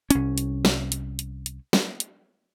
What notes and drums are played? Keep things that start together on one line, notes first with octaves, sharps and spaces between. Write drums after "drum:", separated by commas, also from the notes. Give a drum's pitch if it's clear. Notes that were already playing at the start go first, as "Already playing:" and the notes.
C2 C#4, drum: hi-hat
drum: hi-hat
drum: snare
drum: hi-hat
drum: hi-hat
drum: hi-hat
drum: snare
drum: hi-hat